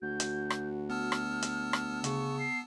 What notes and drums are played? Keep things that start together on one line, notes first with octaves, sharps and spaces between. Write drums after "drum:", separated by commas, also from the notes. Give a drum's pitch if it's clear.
D2 F#4 G6
drum: hi-hat
drum: rim click
B3 A5 E6 F6
drum: rim click
drum: hi-hat
drum: rim click
C#3 C#6, drum: hi-hat
C7